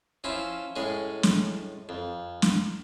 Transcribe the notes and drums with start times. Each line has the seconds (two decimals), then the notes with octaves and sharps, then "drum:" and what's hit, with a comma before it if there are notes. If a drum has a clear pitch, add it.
0.24 F3 C#4 E4 F4
0.76 A2 G#3 C#4
1.23 drum: snare
1.89 F2
2.42 drum: snare